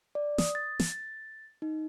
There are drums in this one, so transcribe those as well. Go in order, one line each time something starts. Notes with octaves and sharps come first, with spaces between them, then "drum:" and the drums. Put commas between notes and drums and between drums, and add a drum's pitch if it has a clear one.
D5
D#6, drum: snare
A6
drum: snare
A6
D#4